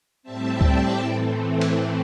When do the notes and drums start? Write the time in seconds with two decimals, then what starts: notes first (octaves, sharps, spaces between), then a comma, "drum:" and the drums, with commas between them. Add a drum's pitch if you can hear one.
0.23 A2 G3 C4 E5 A5
0.61 D5 G5, drum: kick C#2
0.99 A2 E3 A3 C4
1.61 drum: cymbal